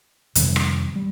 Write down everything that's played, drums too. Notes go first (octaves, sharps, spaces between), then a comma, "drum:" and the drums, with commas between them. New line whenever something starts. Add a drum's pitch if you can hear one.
F2 C3 D#3 G3, drum: hi-hat
drum: rim click
G3